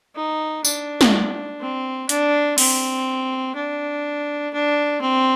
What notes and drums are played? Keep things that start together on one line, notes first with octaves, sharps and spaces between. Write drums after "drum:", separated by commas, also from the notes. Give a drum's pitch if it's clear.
D#4
D4, drum: tambourine
drum: snare
C4
D4, drum: hi-hat
C4, drum: open hi-hat
D4
D4
C4